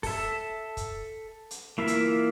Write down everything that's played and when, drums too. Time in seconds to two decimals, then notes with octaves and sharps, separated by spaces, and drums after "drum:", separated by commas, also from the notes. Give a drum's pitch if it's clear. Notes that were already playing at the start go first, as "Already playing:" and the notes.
0.03 A4 E5, drum: kick, open hi-hat
0.77 drum: kick, hi-hat
1.51 drum: hi-hat
1.78 E3 A#3 E4 F4 E5
1.87 drum: hi-hat